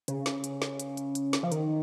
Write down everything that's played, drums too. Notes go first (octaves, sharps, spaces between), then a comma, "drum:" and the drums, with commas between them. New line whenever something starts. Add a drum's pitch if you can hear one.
C#3, drum: hi-hat
drum: snare
drum: hi-hat
drum: snare
drum: hi-hat
drum: hi-hat
drum: hi-hat
drum: snare
F3
D#3, drum: hi-hat